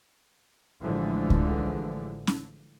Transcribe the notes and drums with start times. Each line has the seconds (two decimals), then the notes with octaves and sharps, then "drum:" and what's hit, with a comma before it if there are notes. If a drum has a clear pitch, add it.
0.81 A1 D3 E3 F3 G#3
1.30 drum: kick C#2
2.27 drum: snare C#4